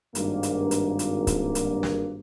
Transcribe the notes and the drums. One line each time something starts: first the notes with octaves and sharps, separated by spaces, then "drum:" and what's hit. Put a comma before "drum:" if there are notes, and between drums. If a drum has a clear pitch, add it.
G#1 G2 A#3, drum: hi-hat
drum: hi-hat
drum: hi-hat
drum: hi-hat
drum: kick C#1, hi-hat
drum: hi-hat
drum: snare